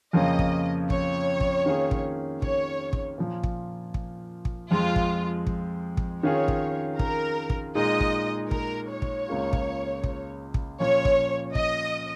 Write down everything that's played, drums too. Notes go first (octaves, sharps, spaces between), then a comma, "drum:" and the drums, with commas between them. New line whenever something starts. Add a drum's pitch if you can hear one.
F2 C#3 F3 A#3 C#4 D#5
drum: kick
C#5, drum: kick
drum: kick
D#3 A#3 C#4 F4 G#4
drum: kick
C#5, drum: kick
drum: kick
A#2 F3 A#3
drum: kick
drum: kick
drum: kick
F2 F3 G#3 F4
drum: kick
drum: kick
drum: kick
D#3 C#4 F4 G#4 C#5
drum: kick
A#4, drum: kick
drum: kick
A#2 G#3 D#4 G#4 D#5
drum: kick
A#4, drum: kick
C#5
drum: kick
C#2 C#3 A#3 F4 G#4
drum: kick
drum: kick
drum: kick
A#2 F3 C#4 C#5
drum: kick
D#5, drum: kick